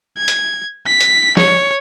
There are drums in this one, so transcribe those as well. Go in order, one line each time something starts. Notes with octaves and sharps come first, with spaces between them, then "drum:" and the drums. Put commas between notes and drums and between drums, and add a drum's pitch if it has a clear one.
G#6
drum: hi-hat
B6
drum: hi-hat
C#5, drum: snare